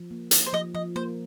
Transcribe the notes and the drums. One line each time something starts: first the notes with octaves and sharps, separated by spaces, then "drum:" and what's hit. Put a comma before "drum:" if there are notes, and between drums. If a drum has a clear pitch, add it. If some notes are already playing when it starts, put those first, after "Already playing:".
Already playing: F3
A#3
D#4, drum: hi-hat
C5
F3 D#5
F3 D#5
A#3 C5